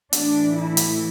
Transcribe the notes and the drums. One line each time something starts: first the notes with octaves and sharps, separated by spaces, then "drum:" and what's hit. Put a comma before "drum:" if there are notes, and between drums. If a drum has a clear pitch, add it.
A2 E3 D4, drum: hi-hat
E4
drum: hi-hat